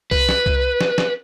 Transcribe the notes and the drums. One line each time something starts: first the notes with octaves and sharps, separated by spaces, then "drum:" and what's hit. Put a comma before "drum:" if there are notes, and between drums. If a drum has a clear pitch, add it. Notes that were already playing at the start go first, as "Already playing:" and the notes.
B4, drum: kick C2
drum: snare
drum: kick C2
drum: snare
drum: snare